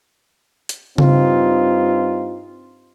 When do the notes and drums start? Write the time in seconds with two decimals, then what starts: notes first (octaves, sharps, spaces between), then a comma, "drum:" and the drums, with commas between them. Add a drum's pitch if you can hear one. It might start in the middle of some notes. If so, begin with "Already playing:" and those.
0.69 drum: hi-hat
0.98 G2 C4 D#4 F4, drum: tom C#3